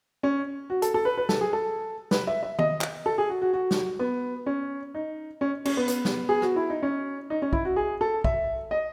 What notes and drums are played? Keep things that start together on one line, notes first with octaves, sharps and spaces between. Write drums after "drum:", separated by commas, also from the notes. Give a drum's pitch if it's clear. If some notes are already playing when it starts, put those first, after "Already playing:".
C#4
F#4
A4, drum: hi-hat
A4
B4
B4
A4, drum: snare
G#4
A4
B4, drum: snare
E5
E5
D#5, drum: tom D#3
drum: clap
A4
G#4
F#4
F#4
F#4
drum: snare
B3
C#4
D#4
C#4
C#4, drum: cymbal
B3
B3, drum: hi-hat
drum: snare
G#4
F#4, drum: rim click
E4
D#4
C#4
D#4
C#4
E4, drum: kick
F#4
G#4
A4
E5, drum: kick
D#5